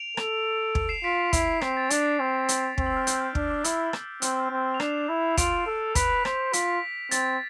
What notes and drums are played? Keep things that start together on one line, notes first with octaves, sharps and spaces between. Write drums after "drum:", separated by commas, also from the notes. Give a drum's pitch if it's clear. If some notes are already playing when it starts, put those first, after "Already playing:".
Already playing: D7 F7
A4, drum: rim click
drum: kick
C7 E7
F4 B6 D7
E4, drum: kick, hi-hat
C4 C7, drum: rim click
A6
D4 A6, drum: hi-hat
C4
drum: hi-hat
C4, drum: kick
E6
F6
G6, drum: hi-hat
F6
D4 F6, drum: kick
D6
E4 E6, drum: hi-hat
drum: rim click
C4 F6, drum: hi-hat
G6
F6
C4
F7
D4 C7 E7, drum: rim click
E4
F4 D7 F7, drum: kick, hi-hat
A4
B4 B6 D7, drum: kick, hi-hat
C5, drum: rim click
F4 B6, drum: hi-hat
C4 A6, drum: hi-hat